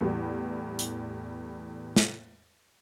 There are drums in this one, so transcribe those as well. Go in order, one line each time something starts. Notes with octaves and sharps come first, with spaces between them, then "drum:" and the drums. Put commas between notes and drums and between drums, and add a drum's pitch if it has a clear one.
E2 A2 E3 G3
drum: hi-hat
drum: snare